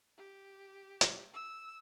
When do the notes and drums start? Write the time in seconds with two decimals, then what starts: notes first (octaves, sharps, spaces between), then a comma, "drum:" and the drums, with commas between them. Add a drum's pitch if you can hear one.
0.18 G4
1.01 drum: hi-hat
1.34 E6